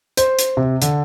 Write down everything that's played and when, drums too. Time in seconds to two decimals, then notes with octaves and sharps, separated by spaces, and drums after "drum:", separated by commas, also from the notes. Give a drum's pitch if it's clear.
0.17 C5, drum: hi-hat
0.39 drum: hi-hat
0.57 C3
0.82 D3, drum: hi-hat